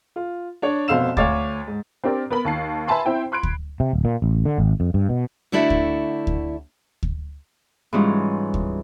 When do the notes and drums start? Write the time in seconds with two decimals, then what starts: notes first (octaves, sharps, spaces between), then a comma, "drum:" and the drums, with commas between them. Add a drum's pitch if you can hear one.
0.16 F4
0.62 D4 C#5 D5
0.88 F1 B2 C5 F5 E6 E7
1.17 D2 C#5 F5 D6 A6, drum: kick D2
1.67 G#2
2.04 C4 D4 G4 A#4 D5
2.30 B3 A#4 B5 F#7
2.45 D#2 A5 C7
2.87 B4 E5 G#5 A5 B5 C6
3.06 C4 E4 C5 G5
3.32 B5 C6 F#6 G#6 D7
3.43 drum: kick D2
3.80 C3
3.93 D1
4.05 A#2
4.22 A1
4.45 D3
4.58 G#1
4.80 F2
4.94 G2
5.09 B2
5.52 D3 A3 E4 F#4 D5 E5
5.70 drum: kick D2
6.27 drum: kick D2
7.03 drum: kick D2
7.93 G#2 E3 G3 G#3 C#4 F4
8.54 drum: kick D2